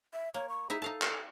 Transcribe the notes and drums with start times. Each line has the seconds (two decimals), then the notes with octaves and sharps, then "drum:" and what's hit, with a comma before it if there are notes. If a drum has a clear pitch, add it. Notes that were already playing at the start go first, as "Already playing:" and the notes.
0.13 E5
0.34 A#3 C#5
0.49 C#6
0.70 D#4 E4 G#4 E5
0.82 D#4 A4 F5 A5
1.02 drum: clap